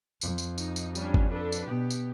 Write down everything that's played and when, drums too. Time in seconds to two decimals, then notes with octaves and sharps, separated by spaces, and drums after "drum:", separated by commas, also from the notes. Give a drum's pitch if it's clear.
0.21 F2, drum: tambourine
0.38 drum: tambourine
0.58 D#4, drum: tambourine
0.76 drum: tambourine
0.95 G3 C#4 D4, drum: tambourine
1.14 drum: kick
1.28 D4 A4 B4
1.52 drum: tambourine
1.66 B2 B3 G4
1.90 drum: tambourine